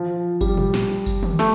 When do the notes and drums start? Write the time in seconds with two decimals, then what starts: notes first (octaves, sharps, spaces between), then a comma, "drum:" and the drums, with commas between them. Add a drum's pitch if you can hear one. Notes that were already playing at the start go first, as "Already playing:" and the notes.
Already playing: F3
0.41 G3, drum: kick F#1, tambourine
0.57 drum: tom
0.74 drum: snare
1.06 drum: kick F#1, tambourine
1.23 drum: tom
1.39 A3, drum: snare